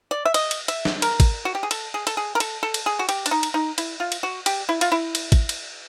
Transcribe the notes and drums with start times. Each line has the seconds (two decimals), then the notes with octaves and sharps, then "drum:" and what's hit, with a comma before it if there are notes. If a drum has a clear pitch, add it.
0.11 D5
0.25 E5
0.34 D#5, drum: cymbal
0.51 drum: cymbal
0.68 E5, drum: cymbal
0.85 drum: snare
1.02 A#4, drum: cymbal
1.20 drum: kick, cymbal
1.45 F#4
1.55 G4
1.63 G#4
1.71 A4, drum: cymbal
1.94 G#4
2.07 A4, drum: cymbal
2.17 G#4
2.35 A#4
2.40 A4, drum: cymbal
2.63 A4
2.74 drum: cymbal
2.86 G#4
2.99 F#4
3.09 G4, drum: cymbal
3.26 D4, drum: cymbal
3.31 D#4
3.43 drum: cymbal
3.54 D#4
3.78 E4, drum: cymbal
4.00 F4
4.12 drum: cymbal
4.23 F#4
4.46 G4, drum: cymbal
4.69 E4
4.81 F4, drum: cymbal
4.92 E4
5.15 drum: cymbal
5.32 drum: kick, cymbal
5.49 drum: cymbal